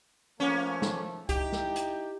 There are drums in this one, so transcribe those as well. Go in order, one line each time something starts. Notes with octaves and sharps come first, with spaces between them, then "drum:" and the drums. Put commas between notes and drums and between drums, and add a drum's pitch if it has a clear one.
F3 A3 A#3 C#4
drum: snare
D#4 E4 G4 G5, drum: kick C2, hi-hat
drum: snare
drum: hi-hat